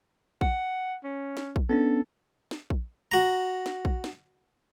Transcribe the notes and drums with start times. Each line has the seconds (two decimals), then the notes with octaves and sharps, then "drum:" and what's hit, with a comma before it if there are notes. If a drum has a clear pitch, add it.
0.41 F#5, drum: kick A#1
1.04 C#4
1.37 drum: snare
1.56 drum: kick A#1
1.70 B3 C#4 D4 A4
2.51 drum: snare
2.70 drum: kick A#1
3.12 F#4 A#5
3.66 drum: snare
3.85 drum: kick A#1
4.04 drum: snare